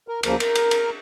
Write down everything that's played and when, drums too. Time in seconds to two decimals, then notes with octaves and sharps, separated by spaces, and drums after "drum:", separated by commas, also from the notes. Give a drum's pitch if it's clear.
0.08 A#4
0.23 D2 C#3 F3 A#3 A#4, drum: cymbal
0.40 A#4, drum: cymbal
0.55 drum: cymbal
0.71 drum: cymbal